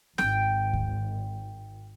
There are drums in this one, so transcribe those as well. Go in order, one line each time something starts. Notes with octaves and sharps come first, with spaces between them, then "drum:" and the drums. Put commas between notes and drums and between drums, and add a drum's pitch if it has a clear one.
G#1 G5, drum: snare
drum: kick D2